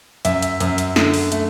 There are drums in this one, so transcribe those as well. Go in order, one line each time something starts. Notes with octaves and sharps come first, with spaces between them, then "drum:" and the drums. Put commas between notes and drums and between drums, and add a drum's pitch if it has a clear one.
F#2 E5, drum: hi-hat
drum: hi-hat
F#2, drum: hi-hat
drum: hi-hat
D3, drum: snare
drum: open hi-hat
A3, drum: hi-hat